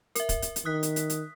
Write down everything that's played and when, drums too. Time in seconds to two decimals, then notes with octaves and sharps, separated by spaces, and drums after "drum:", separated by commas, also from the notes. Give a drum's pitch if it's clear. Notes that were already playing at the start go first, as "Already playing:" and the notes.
0.15 A#4 E5, drum: hi-hat
0.29 drum: kick, hi-hat
0.42 drum: hi-hat
0.56 drum: hi-hat
0.65 D#3 D#6 F#6 B6
0.83 drum: hi-hat
0.96 drum: hi-hat
1.10 drum: hi-hat